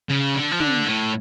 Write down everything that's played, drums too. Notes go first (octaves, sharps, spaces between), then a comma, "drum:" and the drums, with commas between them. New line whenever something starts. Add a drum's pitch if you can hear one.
C#3
D3
F3
D3, drum: tom
A2